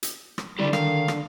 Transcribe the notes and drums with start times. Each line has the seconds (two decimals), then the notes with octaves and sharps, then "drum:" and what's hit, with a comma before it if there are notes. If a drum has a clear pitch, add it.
0.03 drum: hi-hat
0.38 drum: rim click
0.59 D3 G3 E4 G4
0.73 D#3 F5, drum: rim click
1.08 drum: rim click